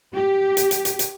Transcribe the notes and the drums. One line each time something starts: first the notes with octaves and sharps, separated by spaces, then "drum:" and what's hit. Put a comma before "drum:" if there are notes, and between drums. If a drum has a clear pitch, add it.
G4
drum: hi-hat
drum: hi-hat
drum: hi-hat
drum: hi-hat